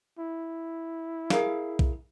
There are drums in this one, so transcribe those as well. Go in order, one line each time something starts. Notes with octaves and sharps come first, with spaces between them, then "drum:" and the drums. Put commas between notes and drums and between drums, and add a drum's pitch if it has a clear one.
E4
G#4 A#4 F5, drum: snare
drum: kick B1